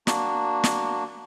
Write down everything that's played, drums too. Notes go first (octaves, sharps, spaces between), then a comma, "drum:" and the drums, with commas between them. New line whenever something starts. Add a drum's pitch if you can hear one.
A#3 D4 F#4, drum: snare
drum: snare